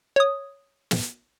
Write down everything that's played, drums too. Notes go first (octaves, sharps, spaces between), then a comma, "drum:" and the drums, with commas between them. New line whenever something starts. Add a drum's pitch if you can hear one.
C#5 D#6
drum: snare